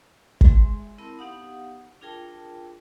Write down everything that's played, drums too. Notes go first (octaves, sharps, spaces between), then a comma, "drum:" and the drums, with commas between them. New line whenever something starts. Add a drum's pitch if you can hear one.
G#3 G#4 E5 C6, drum: kick
C4 E4 A#4 A5 B5
B3 D#4 G4 F5 F#5 D#6
D4 F4 G#4 A#4 G5 A5